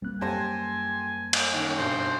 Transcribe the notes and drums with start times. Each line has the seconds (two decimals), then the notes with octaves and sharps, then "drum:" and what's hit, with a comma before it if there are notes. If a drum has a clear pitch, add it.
0.02 G3 A#3 C4 F#6
0.21 F#2 G4 A4 C5 G#5 A5 A#6
1.33 drum: cymbal
1.54 D#3 C#4
1.78 G2 B2 C5